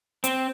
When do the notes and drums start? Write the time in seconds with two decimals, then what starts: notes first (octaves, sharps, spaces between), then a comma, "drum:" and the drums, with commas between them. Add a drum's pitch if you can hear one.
0.24 C4, drum: hi-hat